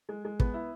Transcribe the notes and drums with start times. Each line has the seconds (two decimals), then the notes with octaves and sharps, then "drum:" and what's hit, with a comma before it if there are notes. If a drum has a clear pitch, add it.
0.09 G#3
0.25 G#3
0.40 B3, drum: kick
0.54 E4